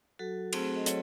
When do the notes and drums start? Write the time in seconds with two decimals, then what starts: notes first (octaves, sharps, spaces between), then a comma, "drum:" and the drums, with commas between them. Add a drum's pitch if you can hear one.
0.19 F#3 F#4 A4
0.53 A3 C4 G#4 C5, drum: cymbal
0.76 D#5
0.86 F#3 A4 C#5, drum: hi-hat